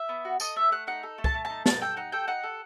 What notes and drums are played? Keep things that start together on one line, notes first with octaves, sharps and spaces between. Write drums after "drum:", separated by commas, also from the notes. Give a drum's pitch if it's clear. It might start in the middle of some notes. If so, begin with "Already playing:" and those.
Already playing: E5
B3
F#4
A4 D#5, drum: tambourine
A3 E5
A3 F#5
D#4 F#5
A4
A3
A5, drum: kick
A3
A5
D#4
D#4 A5, drum: snare
A4 G5
D#4 F#5
A4 G5
D#4 F#5
A4